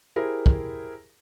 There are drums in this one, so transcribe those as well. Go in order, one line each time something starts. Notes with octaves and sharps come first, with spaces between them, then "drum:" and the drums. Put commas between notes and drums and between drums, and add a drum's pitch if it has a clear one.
E4 G4 G#4 A#4 C5
drum: kick